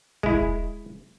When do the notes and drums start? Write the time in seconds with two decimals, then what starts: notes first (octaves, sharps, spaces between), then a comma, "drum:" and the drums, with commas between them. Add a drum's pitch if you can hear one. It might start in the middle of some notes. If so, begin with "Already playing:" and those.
0.23 G#3 E4, drum: kick